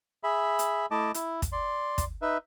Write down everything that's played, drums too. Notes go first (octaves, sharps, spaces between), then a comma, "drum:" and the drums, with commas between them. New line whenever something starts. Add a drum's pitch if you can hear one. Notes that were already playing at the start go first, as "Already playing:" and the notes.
G#4 E5 B5
drum: hi-hat
A3 E4 D#5 A5 D6
E4, drum: hi-hat
drum: kick, hi-hat
D5 C6
drum: kick, hi-hat
D#4 B4 E5